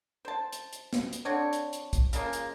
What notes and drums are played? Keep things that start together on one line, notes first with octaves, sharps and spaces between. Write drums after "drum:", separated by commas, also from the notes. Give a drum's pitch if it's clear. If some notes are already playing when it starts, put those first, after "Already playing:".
C5 A5
drum: hi-hat
drum: hi-hat
drum: snare
drum: hi-hat
D3 C4 D4 C#5
drum: hi-hat
drum: hi-hat
drum: kick, hi-hat
C#3 F3 G#3 A#3, drum: hi-hat
drum: hi-hat